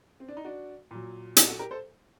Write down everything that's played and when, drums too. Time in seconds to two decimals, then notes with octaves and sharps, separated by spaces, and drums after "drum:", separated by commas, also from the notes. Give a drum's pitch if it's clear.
0.20 C4
0.28 D4
0.37 D#4
0.45 D4 F#4
0.91 A#2 F#3
1.37 D#4 G4, drum: hi-hat
1.48 F#4 A4
1.59 G4 A#4
1.71 A4 C5